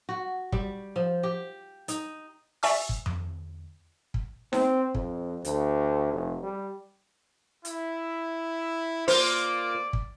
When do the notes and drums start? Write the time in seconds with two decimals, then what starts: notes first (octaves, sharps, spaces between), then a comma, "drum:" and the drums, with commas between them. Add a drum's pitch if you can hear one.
0.09 F#4
0.52 G3, drum: kick
0.96 F3
1.23 G4
1.88 D#4, drum: hi-hat
2.63 D5 E5 G#5 C#6 E6, drum: open hi-hat
2.89 drum: kick
3.06 drum: tom F2
4.14 drum: kick
4.53 C4, drum: snare D#4
4.94 F2, drum: kick
5.45 D2, drum: hi-hat
6.13 F1
6.43 G3
7.65 E4, drum: hi-hat
9.08 A#3 F4 C5 D5, drum: open hi-hat
9.93 drum: kick